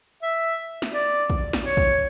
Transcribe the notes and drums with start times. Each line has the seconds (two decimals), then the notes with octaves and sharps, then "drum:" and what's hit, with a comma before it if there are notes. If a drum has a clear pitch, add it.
0.23 E5
0.82 drum: snare
0.94 D5
1.30 drum: kick
1.53 drum: snare
1.65 C#5
1.77 drum: kick